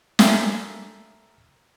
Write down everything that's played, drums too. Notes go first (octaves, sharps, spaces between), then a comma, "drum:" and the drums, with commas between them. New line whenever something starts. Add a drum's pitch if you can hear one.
A4 A#4 E5 F5 G5 G#5, drum: snare